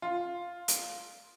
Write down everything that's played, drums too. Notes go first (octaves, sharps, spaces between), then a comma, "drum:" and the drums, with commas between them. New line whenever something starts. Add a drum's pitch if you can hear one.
F4
drum: hi-hat